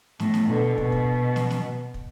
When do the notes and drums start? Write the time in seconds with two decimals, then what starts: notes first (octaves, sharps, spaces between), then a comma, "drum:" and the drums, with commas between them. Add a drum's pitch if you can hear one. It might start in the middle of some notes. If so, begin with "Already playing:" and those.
0.20 A2, drum: snare
0.34 drum: snare
0.48 B2 D3
0.78 B2, drum: kick
0.92 drum: kick
1.36 drum: snare
1.50 drum: snare
1.94 drum: kick